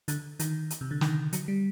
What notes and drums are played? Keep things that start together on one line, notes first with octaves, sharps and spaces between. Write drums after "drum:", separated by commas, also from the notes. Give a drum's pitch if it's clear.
D3, drum: hi-hat
D#3, drum: hi-hat
drum: hi-hat
C3
D3
D#3, drum: snare
F#3, drum: hi-hat
G3